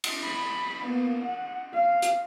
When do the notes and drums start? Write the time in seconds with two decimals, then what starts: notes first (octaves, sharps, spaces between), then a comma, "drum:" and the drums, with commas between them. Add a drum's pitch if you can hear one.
0.04 drum: cymbal
0.23 B5
0.85 A#3 B3
1.23 F#5
1.73 F5
2.02 drum: hi-hat